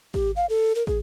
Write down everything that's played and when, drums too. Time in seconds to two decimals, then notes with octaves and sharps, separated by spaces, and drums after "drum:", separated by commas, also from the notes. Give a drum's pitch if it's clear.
0.14 G4, drum: kick
0.36 F5
0.49 A4
0.75 A#4
0.87 G#4, drum: kick